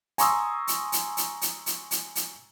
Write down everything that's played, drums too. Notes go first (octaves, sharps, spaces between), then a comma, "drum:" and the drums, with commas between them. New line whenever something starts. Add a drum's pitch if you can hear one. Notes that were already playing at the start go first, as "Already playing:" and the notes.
G#5 A#5 C6 C#6 D#6 E6, drum: hi-hat
drum: hi-hat
drum: hi-hat
drum: hi-hat
drum: hi-hat
drum: hi-hat
drum: hi-hat
drum: hi-hat